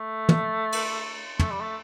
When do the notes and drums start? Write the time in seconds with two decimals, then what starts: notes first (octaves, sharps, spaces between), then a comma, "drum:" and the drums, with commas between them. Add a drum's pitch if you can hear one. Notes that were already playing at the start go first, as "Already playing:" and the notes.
Already playing: A3
0.29 drum: tom
0.72 drum: cymbal
1.39 A3, drum: tom
1.51 G3
1.61 A3